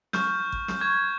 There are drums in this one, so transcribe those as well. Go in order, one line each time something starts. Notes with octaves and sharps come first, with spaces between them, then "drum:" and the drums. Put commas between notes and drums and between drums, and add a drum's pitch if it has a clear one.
C#6 F6 G6, drum: snare
drum: kick
drum: snare
C#6 F6 G#6